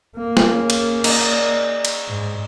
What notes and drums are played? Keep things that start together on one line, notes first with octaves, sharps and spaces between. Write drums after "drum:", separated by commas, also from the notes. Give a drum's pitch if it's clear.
A#3
drum: snare
C#3
drum: cymbal
D#4 D5, drum: cymbal
drum: cymbal
G#2